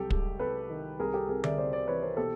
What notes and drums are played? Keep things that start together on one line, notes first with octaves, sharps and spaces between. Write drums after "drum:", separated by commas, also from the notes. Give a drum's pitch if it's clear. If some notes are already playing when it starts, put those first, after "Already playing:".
Already playing: C2 F#3 G4 A4
G#3, drum: kick
C3 A4 B4
D#3
C2 G#4 A#4
G4 A4
C2 G#4 A#4
D5 E5, drum: tom D3
C3 C5 D5
C5 D5
E3 B4 C#5
A#4 C5
B2 G4 A4